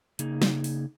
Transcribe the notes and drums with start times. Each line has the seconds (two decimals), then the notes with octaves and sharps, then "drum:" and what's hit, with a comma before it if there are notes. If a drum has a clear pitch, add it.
0.19 C#3 A#3 D#4 G#4, drum: hi-hat
0.42 drum: snare
0.64 drum: open hi-hat